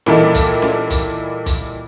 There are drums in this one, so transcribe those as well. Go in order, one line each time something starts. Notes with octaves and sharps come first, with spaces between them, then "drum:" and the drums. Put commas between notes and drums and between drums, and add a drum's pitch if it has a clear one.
A#2 E3 G3 A#3 D#4 A4, drum: snare
drum: kick, hi-hat
drum: snare
drum: kick, hi-hat
drum: kick, hi-hat